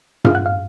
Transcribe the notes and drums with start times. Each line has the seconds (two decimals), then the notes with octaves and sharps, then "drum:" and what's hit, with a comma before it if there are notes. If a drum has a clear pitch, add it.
0.25 C#4 F4 G#4 F5 F6, drum: tom G2
0.35 F#5 F#6
0.46 F5 F6